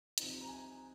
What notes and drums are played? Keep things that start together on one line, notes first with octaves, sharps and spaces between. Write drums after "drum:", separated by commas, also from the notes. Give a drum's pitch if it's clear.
C2 C3 F3 C4 D#4, drum: hi-hat
A#5
G#5